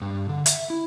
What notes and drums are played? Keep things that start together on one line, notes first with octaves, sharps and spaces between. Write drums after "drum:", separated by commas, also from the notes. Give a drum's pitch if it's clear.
G2
D3
E5, drum: hi-hat
E4